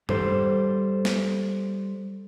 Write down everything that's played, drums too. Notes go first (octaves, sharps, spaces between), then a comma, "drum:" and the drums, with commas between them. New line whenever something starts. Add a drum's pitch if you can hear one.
G3 A4 C5, drum: tom G2
drum: snare